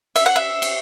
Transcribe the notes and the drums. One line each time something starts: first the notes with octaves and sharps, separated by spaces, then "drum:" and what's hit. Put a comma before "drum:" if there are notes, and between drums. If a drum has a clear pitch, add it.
E5, drum: cymbal
F#5
E5
drum: cymbal